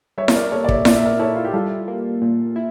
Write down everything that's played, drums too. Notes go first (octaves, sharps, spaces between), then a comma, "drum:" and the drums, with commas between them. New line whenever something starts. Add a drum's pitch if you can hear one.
G3 C#5 E5
C#5, drum: snare E4
A#4 D5
A#3 A4 C#5
D5
C#5 E5, drum: kick
A#2 D5, drum: snare E4
E5
A#4 D5
E4 A4 C#5
F4
G4
G3 F4 A4
A#3
A#2
E4